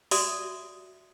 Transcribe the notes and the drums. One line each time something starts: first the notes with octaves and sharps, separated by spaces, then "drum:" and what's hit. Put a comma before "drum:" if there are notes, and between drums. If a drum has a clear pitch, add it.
F#4 D5 E5 D#6, drum: open hi-hat